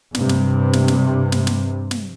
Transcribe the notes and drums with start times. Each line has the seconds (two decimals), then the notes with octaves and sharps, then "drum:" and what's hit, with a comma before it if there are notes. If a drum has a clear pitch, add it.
0.15 G2 C3, drum: snare
0.29 drum: snare
0.73 drum: snare
0.88 drum: snare
1.32 drum: snare
1.47 drum: snare
1.91 drum: snare